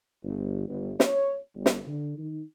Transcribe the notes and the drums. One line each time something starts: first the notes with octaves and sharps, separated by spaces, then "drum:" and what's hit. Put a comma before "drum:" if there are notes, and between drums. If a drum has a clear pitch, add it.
G1
G1
C#5, drum: snare
G1
drum: snare
D3
D#3